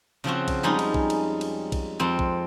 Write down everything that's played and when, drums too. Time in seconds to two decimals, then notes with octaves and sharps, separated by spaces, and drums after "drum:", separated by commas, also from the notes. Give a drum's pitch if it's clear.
0.24 C#3 F3 C4 F#4
0.48 drum: kick B1, cymbal
0.63 F2 G3 G#3 C#4 D#4 G#4
0.79 drum: cymbal
0.94 drum: kick B1
1.10 drum: cymbal
1.41 drum: cymbal
1.72 drum: kick B1, cymbal
2.00 F2 C4
2.19 drum: kick B1